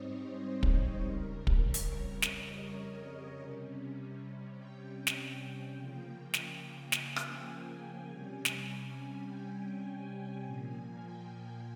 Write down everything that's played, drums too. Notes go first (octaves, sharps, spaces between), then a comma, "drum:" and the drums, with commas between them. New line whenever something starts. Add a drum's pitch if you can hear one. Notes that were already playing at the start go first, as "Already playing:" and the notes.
Already playing: G#2 G3 C4 D#4 C5 C#5 D#5
C5
drum: kick
F2 C#3 G3 A#4
drum: kick
C#5
drum: hi-hat
D#5, drum: snare
C3 G3 C#4
G5
drum: snare
C#3 F3 A#3 G5
G5, drum: snare
G#5, drum: snare
drum: rim click
G5
C3 G3 C#4 G#5
drum: snare
G#5
G5
G#5
A#2 F3 A#3 G#5
G5